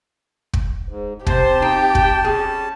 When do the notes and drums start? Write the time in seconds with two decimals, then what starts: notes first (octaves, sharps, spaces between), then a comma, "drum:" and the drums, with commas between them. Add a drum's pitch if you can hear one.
0.53 drum: kick
0.89 G#2
1.27 C3 G4 C5 A5, drum: kick
1.62 D#4 G5
1.95 drum: kick
2.24 G3 C#4 G#4